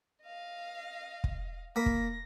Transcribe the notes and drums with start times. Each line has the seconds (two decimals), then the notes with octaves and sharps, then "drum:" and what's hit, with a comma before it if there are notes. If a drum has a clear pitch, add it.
0.23 D#5 F5
1.24 drum: kick
1.76 A#3 B5 A#6
1.86 drum: kick